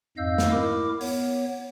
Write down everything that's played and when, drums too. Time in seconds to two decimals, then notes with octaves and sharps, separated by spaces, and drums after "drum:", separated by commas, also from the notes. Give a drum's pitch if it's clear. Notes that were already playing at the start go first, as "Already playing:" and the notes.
0.17 F2 G#2 D#5 F5 E6 G6
0.38 drum: snare
0.51 E4 A#4 D6
1.01 B3 C#5, drum: open hi-hat